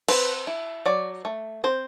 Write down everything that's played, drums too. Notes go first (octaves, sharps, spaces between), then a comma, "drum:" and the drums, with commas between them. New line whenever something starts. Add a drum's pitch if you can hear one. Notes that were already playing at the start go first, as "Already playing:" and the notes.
C4 B4, drum: cymbal
E4
F#3 D5
A3
C4 C5